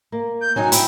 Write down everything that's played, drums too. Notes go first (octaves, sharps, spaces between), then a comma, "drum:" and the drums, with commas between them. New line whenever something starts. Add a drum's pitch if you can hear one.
A#3
G6
F#3 C4 D#4 G#5
E4 G5, drum: hi-hat